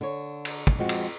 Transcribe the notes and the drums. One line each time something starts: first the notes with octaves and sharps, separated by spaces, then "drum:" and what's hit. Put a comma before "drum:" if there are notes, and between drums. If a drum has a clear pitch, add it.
D3 C#5
drum: cymbal
drum: kick
F3 G#3 C4 F#4
drum: cymbal